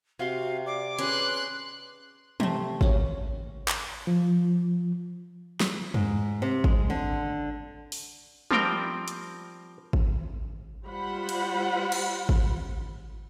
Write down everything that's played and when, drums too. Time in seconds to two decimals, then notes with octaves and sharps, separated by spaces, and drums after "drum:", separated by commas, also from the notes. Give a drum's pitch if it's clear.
0.19 C3 F#4 F5 C6
0.67 D5 D6
0.99 C#4 G#4 B4 C6 F#6, drum: hi-hat
2.40 C3 A3, drum: tom
2.81 F#3 A#3 C#4, drum: kick G#1
3.68 drum: clap
4.07 F3
5.60 drum: snare
5.94 G#2, drum: tom
6.42 C3
6.64 G#3, drum: kick G#1
6.90 D3
7.92 drum: open hi-hat
8.51 F3 G3 C4 A#4 G5, drum: tom
9.08 drum: hi-hat
9.93 drum: kick G#1
10.87 G3 F4 C5 F#5 B5
11.29 drum: cymbal
11.92 drum: cymbal
12.29 drum: kick G#1